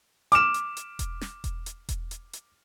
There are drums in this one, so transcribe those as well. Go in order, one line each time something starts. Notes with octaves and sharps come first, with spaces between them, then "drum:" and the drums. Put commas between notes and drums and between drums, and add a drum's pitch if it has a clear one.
D6 F6 E7, drum: hi-hat
drum: hi-hat
drum: hi-hat
drum: kick E1, hi-hat
drum: snare
drum: kick E1, hi-hat
drum: hi-hat
drum: kick E1, hi-hat
drum: hi-hat
drum: hi-hat